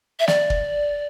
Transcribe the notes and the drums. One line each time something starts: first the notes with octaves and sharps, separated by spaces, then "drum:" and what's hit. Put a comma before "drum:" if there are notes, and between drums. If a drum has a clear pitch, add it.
E5
D5, drum: snare
drum: kick